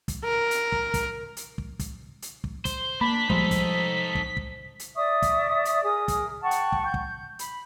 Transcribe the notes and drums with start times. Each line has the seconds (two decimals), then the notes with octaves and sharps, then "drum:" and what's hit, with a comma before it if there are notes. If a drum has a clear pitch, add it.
0.08 drum: kick, hi-hat
0.24 A#4
0.51 drum: hi-hat
0.72 drum: kick
0.94 drum: kick, hi-hat
1.37 drum: hi-hat
1.58 drum: kick
1.79 drum: kick, hi-hat
2.22 drum: hi-hat
2.44 drum: kick
2.65 C5, drum: kick, hi-hat
3.01 A#3 D4 B5 B6
3.30 F3 G3 G#3 D#4 A4 C5, drum: kick
3.51 drum: kick, hi-hat
4.15 drum: kick
4.37 drum: kick
4.80 drum: hi-hat
4.95 D5 E5 C#6 D#6
5.22 drum: kick, hi-hat
5.65 drum: hi-hat
5.83 G#4 A#4 D#6
6.08 drum: kick, hi-hat
6.42 F#5 G5 A5 C#6
6.51 drum: hi-hat
6.72 drum: kick
6.85 G6
6.94 drum: kick
7.39 B5, drum: hi-hat